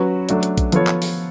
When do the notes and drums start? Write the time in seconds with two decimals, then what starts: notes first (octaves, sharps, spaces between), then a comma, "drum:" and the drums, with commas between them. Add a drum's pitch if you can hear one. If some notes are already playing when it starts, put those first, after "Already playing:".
Already playing: F#3 C#4 F#4 B4
0.29 F#3 A3 D4, drum: hi-hat
0.43 drum: hi-hat
0.57 drum: kick A#1, hi-hat
0.72 F3 B3 F4 A4 C#5, drum: hi-hat
0.87 drum: clap
1.02 drum: open hi-hat